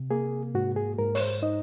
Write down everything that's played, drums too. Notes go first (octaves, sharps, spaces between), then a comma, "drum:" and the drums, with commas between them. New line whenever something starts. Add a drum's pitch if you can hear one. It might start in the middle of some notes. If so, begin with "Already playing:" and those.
Already playing: C3
A#3 G#4
G#2 F#4
G#4
G#2 A#4
C#5, drum: open hi-hat
C5
D#4 D#5